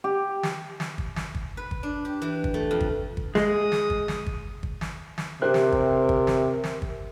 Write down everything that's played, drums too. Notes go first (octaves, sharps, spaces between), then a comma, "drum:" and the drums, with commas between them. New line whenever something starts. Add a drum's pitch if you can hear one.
G4
drum: snare
drum: snare
drum: kick
drum: snare
drum: kick
B4
drum: kick
D4
G4
E3
drum: kick
A3
F2
drum: kick
drum: kick
G#3 D#6, drum: snare
drum: snare
drum: kick
drum: snare
drum: kick
drum: kick
drum: snare
drum: snare
C3 G4 A#4 C5 F#6
drum: snare
drum: kick
drum: kick
drum: snare
drum: snare
drum: kick